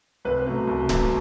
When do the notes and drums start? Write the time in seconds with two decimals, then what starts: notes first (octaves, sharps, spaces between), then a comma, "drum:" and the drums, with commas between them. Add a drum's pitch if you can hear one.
0.25 C2 B4
0.46 B2 F#3 A3
0.67 C2
0.89 B2 F#3 A3, drum: snare D1